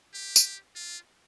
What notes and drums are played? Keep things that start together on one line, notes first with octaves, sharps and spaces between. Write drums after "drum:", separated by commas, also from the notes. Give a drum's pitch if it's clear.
G4
drum: tambourine
F4